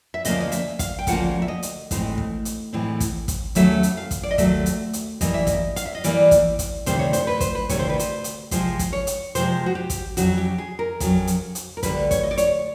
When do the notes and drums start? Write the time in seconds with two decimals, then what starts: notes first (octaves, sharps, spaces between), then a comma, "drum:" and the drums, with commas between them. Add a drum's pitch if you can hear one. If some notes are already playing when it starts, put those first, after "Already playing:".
0.14 E5
0.25 D2 C#3 F3 A#3 D#5, drum: hi-hat
0.40 D#5
0.52 E5, drum: hi-hat
0.79 F5, drum: kick, hi-hat
0.99 G5
1.07 D2 C#3 F3 A#3 F#5, drum: kick, hi-hat
1.42 E5
1.48 D#5
1.63 drum: hi-hat
1.91 A2 E3 G#3 C4, drum: kick, hi-hat
2.18 drum: kick
2.45 drum: hi-hat
2.73 A2 E3 G#3 C4
3.00 drum: kick, hi-hat
3.28 drum: kick, hi-hat
3.55 D#2 C#3 F#3 A3 E5, drum: hi-hat
3.83 drum: hi-hat
3.97 F5
4.11 drum: kick, hi-hat
4.23 D5
4.31 D#5
4.38 D#2 C#3 F#3 A3 E5, drum: kick, hi-hat
4.66 drum: hi-hat
4.93 drum: hi-hat
5.21 G2 E3 G3 A#3 D#5, drum: kick, hi-hat
5.34 E5
5.47 D#5, drum: kick, hi-hat
5.76 F5, drum: hi-hat
5.86 E5
5.95 D#5
6.04 G2 E3 G3 A#3 D5, drum: hi-hat
6.31 drum: kick, hi-hat
6.59 drum: kick, hi-hat
6.86 D2 C3 D#3 G3 C4 C5, drum: hi-hat
6.99 C#5
7.13 C5, drum: hi-hat
7.27 B4
7.40 C5, drum: kick, hi-hat
7.55 B4
7.69 D2 C3 D#3 G3 C4 C#5, drum: kick, hi-hat
7.79 C5
7.90 B4
7.99 C5, drum: hi-hat
8.24 drum: hi-hat
8.51 C3 F3 G#3 C5, drum: kick, hi-hat
8.79 drum: kick, hi-hat
8.93 C#5
9.07 drum: hi-hat
9.35 C3 F3 G#3 C5, drum: hi-hat
9.66 F#4
9.75 G4
9.90 drum: kick, hi-hat
10.17 F2 C#3 F#3 F#4, drum: hi-hat
10.38 G4
10.58 G#4
10.79 A#4
11.00 F2 C#3 F#3, drum: kick, hi-hat
11.27 drum: hi-hat
11.55 drum: hi-hat
11.77 A#4
11.83 D2 D3 G3 B4, drum: kick, hi-hat
12.11 C#5, drum: kick, hi-hat
12.23 D#5
12.31 D5
12.38 C#5, drum: hi-hat